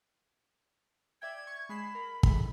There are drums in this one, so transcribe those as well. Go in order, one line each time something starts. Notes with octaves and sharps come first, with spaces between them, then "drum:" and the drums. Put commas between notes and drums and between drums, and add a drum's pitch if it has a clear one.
D5 E5 G5 G#6
C#6
G#3 B5 C7 E7
A#4
G#2 E3 A3 B5, drum: kick